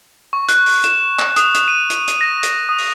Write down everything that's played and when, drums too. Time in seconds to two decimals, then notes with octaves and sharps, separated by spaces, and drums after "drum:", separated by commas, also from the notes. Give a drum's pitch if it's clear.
0.33 C#6
0.49 F#6, drum: hi-hat
0.66 drum: open hi-hat
0.84 E7, drum: hi-hat
1.19 drum: clap
1.36 D#6, drum: hi-hat
1.55 drum: hi-hat
1.68 D#7
1.90 drum: hi-hat
2.08 drum: hi-hat
2.21 A#6
2.43 drum: hi-hat
2.69 D#6
2.79 drum: open hi-hat